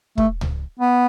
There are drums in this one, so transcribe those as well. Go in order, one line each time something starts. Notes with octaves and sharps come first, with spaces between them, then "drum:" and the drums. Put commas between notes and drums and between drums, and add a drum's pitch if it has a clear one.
A3, drum: kick
drum: tom C#2
B3